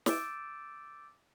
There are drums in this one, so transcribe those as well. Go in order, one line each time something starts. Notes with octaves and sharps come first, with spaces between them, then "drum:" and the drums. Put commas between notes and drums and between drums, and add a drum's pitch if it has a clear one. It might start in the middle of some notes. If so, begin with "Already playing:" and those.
D6 E6 G6 A6 D7 E7, drum: snare